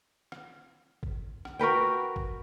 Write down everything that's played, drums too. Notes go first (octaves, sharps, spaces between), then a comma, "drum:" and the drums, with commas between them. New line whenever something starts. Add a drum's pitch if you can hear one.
drum: rim click
drum: kick G#1
drum: rim click
F#4 A#4 B4 G5
drum: kick G#1